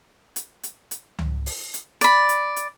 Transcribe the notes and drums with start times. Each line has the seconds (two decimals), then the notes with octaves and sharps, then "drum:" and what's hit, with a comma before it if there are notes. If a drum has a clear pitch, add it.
0.36 drum: hi-hat
0.63 drum: hi-hat
0.91 drum: hi-hat
1.19 drum: tom C#2
1.46 drum: open hi-hat
1.74 drum: hi-hat
2.01 D5 B5, drum: hi-hat
2.29 drum: hi-hat
2.56 drum: hi-hat